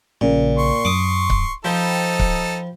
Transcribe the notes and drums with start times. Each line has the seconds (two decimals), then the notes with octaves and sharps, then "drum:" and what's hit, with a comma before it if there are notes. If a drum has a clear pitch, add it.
0.21 A#1 A#2 C#3
0.58 C6 C#6
0.85 F#2 D6 D#6
1.30 drum: kick C#1
1.65 F3 D#4 A4 C5 G5 B5
2.19 drum: kick C#1